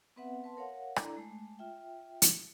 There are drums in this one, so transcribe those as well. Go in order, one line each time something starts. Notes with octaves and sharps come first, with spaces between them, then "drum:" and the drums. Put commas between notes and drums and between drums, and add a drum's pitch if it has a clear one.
B3 C4 B4 E5 F#5
B4 A5 C6
A#4 C#5 F5 F#5
D4 E4 A4 D5 A#5, drum: rim click
G#3 A3
F4 E5 G5
drum: hi-hat